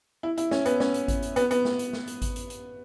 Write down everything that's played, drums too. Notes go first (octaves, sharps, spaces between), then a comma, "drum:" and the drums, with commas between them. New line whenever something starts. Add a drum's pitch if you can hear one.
E4
E4, drum: hi-hat
C#4, drum: snare
B3, drum: hi-hat
C#4, drum: snare
drum: hi-hat
drum: kick G#1, hi-hat
drum: hi-hat
B3, drum: hi-hat
B3, drum: hi-hat
drum: snare
drum: hi-hat
drum: snare
drum: hi-hat
drum: kick G#1, hi-hat
drum: hi-hat
drum: hi-hat